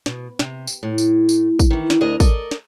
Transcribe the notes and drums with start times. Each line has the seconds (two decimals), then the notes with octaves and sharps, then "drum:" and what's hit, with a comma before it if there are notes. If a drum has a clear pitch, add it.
0.06 B2, drum: snare
0.39 C3, drum: snare
0.67 drum: tambourine
0.83 A2
0.98 drum: tambourine
1.29 drum: tambourine
1.59 drum: kick, tambourine
1.70 D#3 E3
1.90 drum: snare
2.01 D2 D4 A#4 D#5
2.20 A4 A#4 D5 D#5, drum: kick, tambourine
2.51 drum: snare